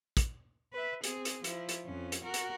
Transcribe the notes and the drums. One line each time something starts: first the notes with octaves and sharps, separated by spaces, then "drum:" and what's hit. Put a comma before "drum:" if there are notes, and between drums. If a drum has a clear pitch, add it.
drum: kick, hi-hat
B4 E5
C4 G#4, drum: hi-hat
drum: hi-hat
F3 E4, drum: hi-hat
drum: hi-hat
F2 C#4
drum: hi-hat
F#4 A#4
drum: hi-hat